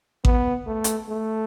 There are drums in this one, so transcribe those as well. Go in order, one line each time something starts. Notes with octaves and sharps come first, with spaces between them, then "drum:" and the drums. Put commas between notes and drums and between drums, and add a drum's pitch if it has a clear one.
B3, drum: kick A1
A3
drum: hi-hat
A3